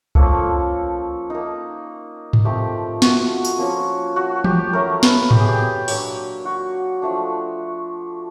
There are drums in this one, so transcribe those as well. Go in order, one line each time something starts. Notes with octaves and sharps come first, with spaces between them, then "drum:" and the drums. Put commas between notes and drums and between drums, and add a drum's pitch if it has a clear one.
F3 A#3 C#4 A4, drum: kick C2
A#3 D#4
drum: tom G#2
F3 A3 C4 G4
F#4, drum: snare
drum: tambourine
F3 A#3 C#4
F#4
G4, drum: tom
F#3 A3 C#4 A#4
B4, drum: snare
G4, drum: tom G#2
G#4
G4
F#3 A#3 D4, drum: open hi-hat
F#4
F3 A3 D4